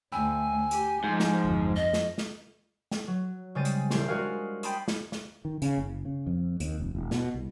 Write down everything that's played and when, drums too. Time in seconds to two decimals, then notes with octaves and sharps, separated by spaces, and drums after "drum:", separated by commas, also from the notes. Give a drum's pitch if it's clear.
0.12 D2 G5 G#5 B5 E6
0.71 G4, drum: hi-hat
1.04 G#2 F3 G6
1.20 drum: snare
1.44 G1 E2
1.76 F2 D#5
1.93 drum: snare
2.18 drum: snare
2.91 drum: snare
3.07 F#3
3.55 C#3 G3 G#3 C5 A6 D#7
3.65 drum: hi-hat
3.91 E1 G4 C6, drum: snare
4.08 G#3 D4 F#4 G#4 A#4 F5
4.63 G5 A5 B5 C6 D#6, drum: hi-hat
4.88 drum: snare
5.12 drum: snare
5.45 D#3
5.62 C#3, drum: hi-hat
5.78 F#1
6.05 C#3
6.26 F2
6.60 D#2, drum: hi-hat
6.80 F1
6.95 E1
7.11 B2, drum: snare
7.34 C2